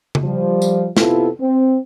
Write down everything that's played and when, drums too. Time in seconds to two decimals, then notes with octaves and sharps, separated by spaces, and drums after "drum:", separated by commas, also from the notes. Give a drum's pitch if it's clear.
0.15 drum: tom C#3
0.24 F3 G3
0.62 drum: tambourine
0.97 C3 B3 E4 F4 A4, drum: snare
1.39 C4